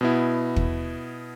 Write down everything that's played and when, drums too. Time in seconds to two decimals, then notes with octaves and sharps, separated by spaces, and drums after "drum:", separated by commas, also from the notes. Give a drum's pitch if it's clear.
0.01 B2 B3 E4
0.56 drum: kick